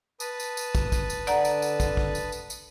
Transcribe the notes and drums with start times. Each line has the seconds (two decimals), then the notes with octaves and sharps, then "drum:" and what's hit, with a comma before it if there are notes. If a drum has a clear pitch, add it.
0.20 B4 A5 D#6, drum: tambourine
0.40 drum: tambourine
0.57 drum: tambourine
0.75 drum: kick, tambourine
0.92 drum: kick, tambourine
1.10 drum: tambourine
1.27 D3 D5 F#5 A#5, drum: tambourine
1.45 drum: tambourine
1.62 drum: tambourine
1.80 drum: kick, tambourine
1.97 drum: kick
2.15 drum: tambourine
2.32 drum: tambourine
2.50 drum: tambourine